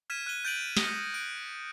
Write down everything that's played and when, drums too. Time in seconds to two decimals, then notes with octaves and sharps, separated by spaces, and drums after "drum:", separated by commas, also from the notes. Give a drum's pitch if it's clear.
0.10 F6 G#6 B6 D#7 E7
0.26 F#6 D#7 G7
0.44 F#6 G6 A6 D7 D#7 F#7
0.77 D#6 A#6 B6 C#7, drum: snare
1.14 F#6 D7